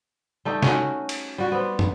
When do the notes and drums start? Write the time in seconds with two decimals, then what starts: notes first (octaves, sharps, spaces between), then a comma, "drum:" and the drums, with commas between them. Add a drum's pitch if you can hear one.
0.45 G3 A3 D#4 G4
0.62 C#4 D#4 F#4, drum: snare
1.09 drum: cymbal
1.38 G3 F#4
1.52 B3 C4
1.79 drum: tom